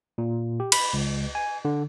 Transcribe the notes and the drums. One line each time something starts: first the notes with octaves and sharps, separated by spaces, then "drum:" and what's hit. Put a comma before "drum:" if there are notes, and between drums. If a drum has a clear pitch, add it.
A#2
G4
B5, drum: cymbal
C#2
G#5
D3